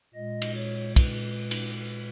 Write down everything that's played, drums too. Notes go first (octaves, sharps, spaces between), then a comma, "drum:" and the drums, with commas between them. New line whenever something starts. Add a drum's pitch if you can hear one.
A#2 G#3 D#5
drum: cymbal
C#5
B4, drum: kick, cymbal
drum: cymbal
B4